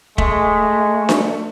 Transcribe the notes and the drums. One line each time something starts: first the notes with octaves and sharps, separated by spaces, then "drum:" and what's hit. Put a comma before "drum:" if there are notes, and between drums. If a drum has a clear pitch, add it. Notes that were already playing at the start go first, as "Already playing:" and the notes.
G#3 A3, drum: kick E1
drum: snare D4